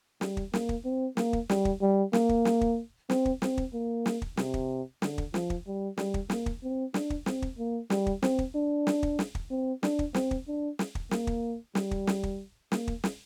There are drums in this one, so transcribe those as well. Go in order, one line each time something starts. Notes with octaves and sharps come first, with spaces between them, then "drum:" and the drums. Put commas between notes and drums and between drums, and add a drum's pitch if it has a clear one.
G3, drum: snare
drum: kick
A#3, drum: snare
drum: kick
C4
A#3, drum: snare
drum: kick
G3, drum: snare
drum: kick
G3
A#3, drum: snare
drum: kick
drum: snare
drum: kick
C4, drum: snare
drum: kick
C4, drum: snare
drum: kick
A#3
drum: snare
drum: kick
C3, drum: snare
drum: kick
D3, drum: snare
drum: kick
F3, drum: snare
drum: kick
G3
G3, drum: snare
drum: kick
A#3, drum: snare
drum: kick
C4
D4, drum: snare
drum: kick
C4, drum: snare
drum: kick
A#3
G3, drum: snare
drum: kick
C4, drum: snare
drum: kick
D4
drum: snare
drum: kick
drum: snare
drum: kick
C4
D4, drum: snare
drum: kick
C4, drum: snare
drum: kick
D4
drum: snare
drum: kick
A#3, drum: snare
drum: kick
G3, drum: snare
drum: kick
drum: snare
drum: kick
A#3, drum: snare
drum: kick
drum: snare